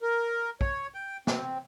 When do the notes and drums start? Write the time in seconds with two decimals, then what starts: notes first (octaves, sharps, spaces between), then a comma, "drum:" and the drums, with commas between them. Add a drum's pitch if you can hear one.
0.02 A#4
0.61 C#5, drum: kick
0.94 G5
1.27 C4, drum: snare